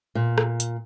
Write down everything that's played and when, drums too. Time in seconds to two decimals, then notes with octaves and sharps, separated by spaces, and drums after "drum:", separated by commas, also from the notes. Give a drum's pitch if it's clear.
0.15 A#2
0.38 drum: rim click
0.60 drum: hi-hat